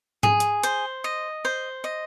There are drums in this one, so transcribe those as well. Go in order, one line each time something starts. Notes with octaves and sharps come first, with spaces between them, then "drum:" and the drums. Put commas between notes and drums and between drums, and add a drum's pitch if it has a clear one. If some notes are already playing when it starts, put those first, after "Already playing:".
G#4, drum: tom G#2
drum: hi-hat
C5, drum: hi-hat
D#5
C5
D#5